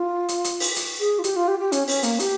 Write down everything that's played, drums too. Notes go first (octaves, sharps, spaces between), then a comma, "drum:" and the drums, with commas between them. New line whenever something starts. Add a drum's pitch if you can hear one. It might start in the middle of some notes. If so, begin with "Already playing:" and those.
Already playing: F4
drum: hi-hat
drum: hi-hat
drum: open hi-hat
drum: hi-hat
G#4
F4
G4, drum: hi-hat
F4
G4
G4
C#4, drum: hi-hat
C#4, drum: open hi-hat
A#3, drum: hi-hat
G4, drum: hi-hat